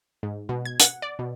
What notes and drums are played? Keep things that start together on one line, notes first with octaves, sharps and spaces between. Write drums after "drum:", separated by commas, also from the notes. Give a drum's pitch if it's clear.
G#2
B2
G#6
F#5, drum: hi-hat
D5
B2